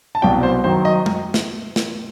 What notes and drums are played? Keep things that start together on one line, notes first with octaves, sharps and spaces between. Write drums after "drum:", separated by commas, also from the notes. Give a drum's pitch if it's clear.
A5
C2 B2 F#3 G5
C5
F#2 D#3 F#3 C5
D#5
drum: tom G#3
drum: snare
drum: snare